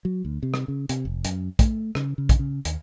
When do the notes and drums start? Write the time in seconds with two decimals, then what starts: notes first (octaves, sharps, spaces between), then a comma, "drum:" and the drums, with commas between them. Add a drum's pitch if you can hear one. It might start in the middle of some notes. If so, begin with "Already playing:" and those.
0.05 F#3
0.25 D2
0.43 C3
0.54 drum: rim click
0.68 C#3
0.89 C3, drum: hi-hat
1.05 F1
1.25 F#2, drum: hi-hat
1.59 A3, drum: kick, hi-hat
1.95 C#3, drum: rim click
2.18 C#3
2.29 drum: kick, hi-hat
2.39 C#3
2.65 D#2, drum: hi-hat